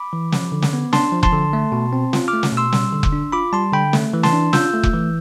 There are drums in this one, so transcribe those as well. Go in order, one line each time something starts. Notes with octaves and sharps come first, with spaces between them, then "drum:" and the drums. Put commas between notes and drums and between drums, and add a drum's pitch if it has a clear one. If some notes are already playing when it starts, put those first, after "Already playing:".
Already playing: B5 D6
E3
F3, drum: snare
D3
drum: snare
B3
D4 A5 C6, drum: snare
F3
A5 C6, drum: kick F1
D3
A3
B2
C4
F4, drum: snare
D6 F6
A3
drum: snare
B2
C6 E6
G3, drum: snare
D3
drum: kick F1
D4
F4 B5 D6
G3 A5 C6
D3 G5 B5
A3, drum: snare
E3
A5 C6, drum: snare
D4
F4 E6 G6, drum: snare
A3
drum: kick F1
E3